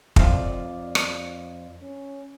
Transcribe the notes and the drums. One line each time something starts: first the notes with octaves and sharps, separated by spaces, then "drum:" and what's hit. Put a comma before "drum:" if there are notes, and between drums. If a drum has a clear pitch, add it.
F2 A3 C4 F4 D5, drum: kick
drum: rim click
C#4